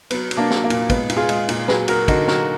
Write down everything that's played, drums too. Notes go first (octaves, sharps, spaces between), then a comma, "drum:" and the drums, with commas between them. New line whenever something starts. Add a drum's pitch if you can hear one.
F#3 B3, drum: cymbal
F#3, drum: cymbal
A#3 D4
F#3, drum: snare
A#3
A#2, drum: cymbal
G#3 B3, drum: kick, cymbal
A#2, drum: cymbal
F4 G#4
G#3, drum: cymbal
A#2, drum: cymbal
F#3 G#4 B4, drum: snare
F#3 F#4 A#4, drum: cymbal
D3 D#4 F#4, drum: kick, cymbal
F#3 F#4 A#4, drum: snare